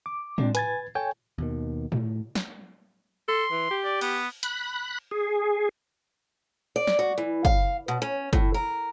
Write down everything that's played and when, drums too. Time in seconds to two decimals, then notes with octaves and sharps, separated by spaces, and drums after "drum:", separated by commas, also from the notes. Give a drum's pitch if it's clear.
0.06 D6
0.38 G#3 C4 D4, drum: tom A2
0.55 B4 G#5 G#6 A6, drum: hi-hat
0.95 A4 C#5 G5 G#5
1.38 D#2 B2 D#3
1.92 A2, drum: tom A2
2.35 drum: snare
3.29 A4 C6
3.51 E3
3.71 G4
3.84 D5
4.01 B3, drum: cymbal
4.43 B5 F#6, drum: hi-hat
5.11 G#4
6.76 D5
6.87 drum: snare
6.99 F#4
7.18 E3
7.45 F5, drum: kick
7.88 B2
8.02 C#4
8.33 A2, drum: kick
8.54 A#4